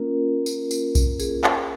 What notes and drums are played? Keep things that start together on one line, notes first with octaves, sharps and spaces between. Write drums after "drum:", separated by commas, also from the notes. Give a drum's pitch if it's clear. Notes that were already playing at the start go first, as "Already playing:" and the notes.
Already playing: A#3 C#4 F4 A#4
drum: tambourine
drum: tambourine
drum: kick B1, tambourine
G#4, drum: tambourine
drum: clap